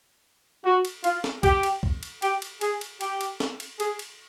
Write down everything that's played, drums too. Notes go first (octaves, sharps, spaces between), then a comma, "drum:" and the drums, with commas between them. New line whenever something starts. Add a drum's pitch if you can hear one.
F#4
drum: cymbal
F4, drum: cymbal
drum: snare
G4, drum: kick B1, cymbal
drum: cymbal
drum: kick B1
drum: cymbal
G4, drum: cymbal
drum: cymbal
G#4, drum: cymbal
drum: cymbal
G4, drum: cymbal
drum: cymbal
drum: snare
drum: cymbal
G#4, drum: cymbal
drum: cymbal